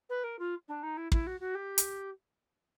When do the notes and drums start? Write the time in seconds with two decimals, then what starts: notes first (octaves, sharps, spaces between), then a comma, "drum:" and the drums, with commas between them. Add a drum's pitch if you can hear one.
0.09 B4
0.23 A#4
0.39 F4
0.68 D4
0.82 D#4
0.97 E4
1.12 E4, drum: kick
1.26 F#4
1.40 F#4
1.54 G4
1.78 drum: hi-hat